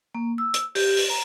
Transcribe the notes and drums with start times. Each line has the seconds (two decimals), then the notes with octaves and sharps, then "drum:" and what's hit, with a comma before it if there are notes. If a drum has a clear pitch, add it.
0.15 A#3
0.38 E6
0.54 drum: hi-hat
0.75 G4, drum: open hi-hat
0.97 drum: open hi-hat
1.10 A#5